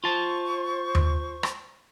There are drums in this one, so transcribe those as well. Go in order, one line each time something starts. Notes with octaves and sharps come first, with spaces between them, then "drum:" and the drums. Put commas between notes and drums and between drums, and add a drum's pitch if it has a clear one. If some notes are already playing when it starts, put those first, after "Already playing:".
F4 C5 A5 C#6
drum: tom D#2
drum: rim click